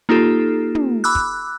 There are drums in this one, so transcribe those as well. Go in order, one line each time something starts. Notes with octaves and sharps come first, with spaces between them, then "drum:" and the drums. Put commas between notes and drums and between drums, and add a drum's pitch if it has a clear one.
A#3 D#4 F4 G4 A4
drum: tom
B5 D6 E6 F#6
drum: kick